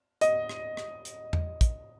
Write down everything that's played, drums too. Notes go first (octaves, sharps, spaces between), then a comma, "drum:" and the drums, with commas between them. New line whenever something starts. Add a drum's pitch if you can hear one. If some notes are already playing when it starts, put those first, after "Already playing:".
D#5, drum: hi-hat
drum: rim click
drum: rim click
drum: hi-hat
drum: tom E2
drum: kick, hi-hat